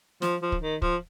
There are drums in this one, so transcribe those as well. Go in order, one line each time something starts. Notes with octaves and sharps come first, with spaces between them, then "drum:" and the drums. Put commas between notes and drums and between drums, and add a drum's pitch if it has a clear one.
F3, drum: snare
F3
drum: kick
D#3
F3, drum: kick